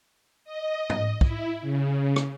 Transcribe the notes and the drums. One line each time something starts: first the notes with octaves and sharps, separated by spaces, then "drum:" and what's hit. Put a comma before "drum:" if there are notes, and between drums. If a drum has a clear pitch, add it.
D#5
drum: tom
E4, drum: kick
C#3
drum: rim click